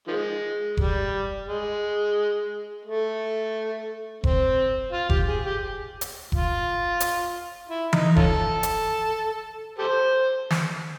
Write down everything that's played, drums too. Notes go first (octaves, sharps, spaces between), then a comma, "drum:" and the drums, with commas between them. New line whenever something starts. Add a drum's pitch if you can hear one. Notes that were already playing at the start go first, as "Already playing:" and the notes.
D#3 F3 G#3
G3, drum: kick F1
G#3
A3
C4, drum: kick F1
F4
G4, drum: kick F1
G#4
G4
drum: hi-hat
F4, drum: kick F1
drum: hi-hat
E4
D#4, drum: tom E3
C#4 F4 A4, drum: kick F1
drum: hi-hat
G4 A4 C5
drum: snare